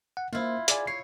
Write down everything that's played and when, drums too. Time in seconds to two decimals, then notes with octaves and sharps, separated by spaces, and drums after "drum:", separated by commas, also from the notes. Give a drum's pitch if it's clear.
0.17 F#5
0.33 A#3 E4 F4 C5
0.68 G#4 D5 G#5, drum: hi-hat
0.87 C#5 C7